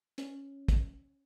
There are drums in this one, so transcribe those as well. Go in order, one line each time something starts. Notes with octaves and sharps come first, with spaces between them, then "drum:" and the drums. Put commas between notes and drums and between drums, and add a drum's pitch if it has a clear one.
C#4, drum: hi-hat
drum: kick, hi-hat